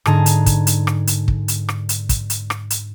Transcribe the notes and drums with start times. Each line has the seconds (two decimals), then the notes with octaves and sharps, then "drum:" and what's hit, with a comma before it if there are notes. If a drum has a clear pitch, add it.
0.06 G#2 D3 G#4 A5 A#5, drum: rim click
0.26 drum: hi-hat
0.46 drum: kick, hi-hat
0.67 drum: hi-hat
0.87 drum: rim click
1.07 drum: hi-hat
1.28 drum: kick
1.48 drum: hi-hat
1.69 drum: rim click
1.89 drum: hi-hat
2.09 drum: kick, hi-hat
2.30 drum: hi-hat
2.50 drum: rim click
2.70 drum: hi-hat